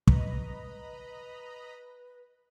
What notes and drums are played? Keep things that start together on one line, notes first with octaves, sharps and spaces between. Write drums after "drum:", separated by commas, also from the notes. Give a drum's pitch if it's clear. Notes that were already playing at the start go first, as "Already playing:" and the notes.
B4 D#5 A#5 B5, drum: kick